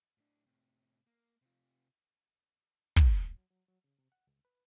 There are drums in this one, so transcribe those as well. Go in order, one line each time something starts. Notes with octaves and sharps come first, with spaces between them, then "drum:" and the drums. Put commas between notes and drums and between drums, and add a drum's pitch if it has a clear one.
A2 D4
A2 C3
A#3
C3 F4
drum: kick
A4
F#3
F#3
F#3
C#3
C3
F#5
C#2
B4